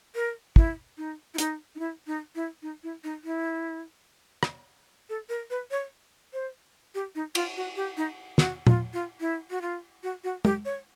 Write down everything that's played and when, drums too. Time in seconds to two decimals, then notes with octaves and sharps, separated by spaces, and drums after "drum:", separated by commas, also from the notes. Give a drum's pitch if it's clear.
0.15 A#4
0.56 E4, drum: kick
0.98 D#4
1.34 E4
1.38 D#4, drum: hi-hat
1.75 D#4
1.79 E4
2.07 D#4
2.35 E4
2.62 D#4
2.83 E4
3.04 D#4
3.24 E4
4.43 drum: rim click
5.09 A4
5.29 A#4
5.50 B4
5.71 C#5
6.33 C5
6.95 G4
7.15 D#4
7.35 F4, drum: cymbal
7.56 F#4
7.76 G4
7.97 D#4
8.38 F#4, drum: snare
8.67 F4, drum: tom A#2
8.93 F4
9.20 E4
9.51 F#4
9.62 F4
10.03 F#4
10.24 F#4
10.45 G4, drum: tom
10.65 C#5